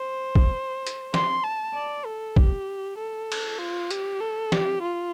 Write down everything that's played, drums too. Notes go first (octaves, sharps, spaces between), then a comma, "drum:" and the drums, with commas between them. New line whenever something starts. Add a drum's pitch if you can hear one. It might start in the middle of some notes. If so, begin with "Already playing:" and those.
Already playing: C5
drum: kick
drum: hi-hat
C6, drum: snare
A5
D5
A4
G4, drum: kick
A4
drum: cymbal
F4
G4, drum: hi-hat
A4
G4, drum: snare
F4